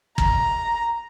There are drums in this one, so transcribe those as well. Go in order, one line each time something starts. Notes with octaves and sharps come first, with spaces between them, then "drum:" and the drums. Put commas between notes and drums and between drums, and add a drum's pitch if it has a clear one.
A#5, drum: kick